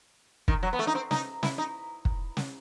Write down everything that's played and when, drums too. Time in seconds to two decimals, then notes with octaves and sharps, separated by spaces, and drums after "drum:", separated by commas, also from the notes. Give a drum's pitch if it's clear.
0.48 D#3, drum: kick
0.63 F#3
0.73 B3
0.79 A3
0.87 D#4
0.95 C4
1.11 D#4, drum: snare
1.43 E4, drum: snare
1.58 D#4
2.05 drum: kick
2.37 drum: snare